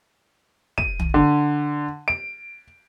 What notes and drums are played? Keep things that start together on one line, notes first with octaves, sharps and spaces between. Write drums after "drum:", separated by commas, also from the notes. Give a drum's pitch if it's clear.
D#7, drum: kick
drum: tom
D3
D7